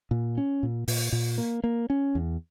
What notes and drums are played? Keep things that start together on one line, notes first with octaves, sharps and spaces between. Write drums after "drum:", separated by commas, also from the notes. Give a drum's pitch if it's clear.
A#2
C#4
A#2
A#2, drum: open hi-hat
A#2
A#3
A#3
C#4
E2